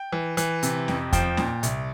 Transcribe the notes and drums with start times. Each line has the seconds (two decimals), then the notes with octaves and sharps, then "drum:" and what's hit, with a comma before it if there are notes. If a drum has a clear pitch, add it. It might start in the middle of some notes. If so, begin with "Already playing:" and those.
Already playing: G5
0.13 E3
0.37 E3, drum: hi-hat
0.63 C3, drum: hi-hat
0.88 F2, drum: snare
1.13 F3 G5, drum: kick E2, hi-hat
1.37 A#2, drum: snare
1.63 C2, drum: hi-hat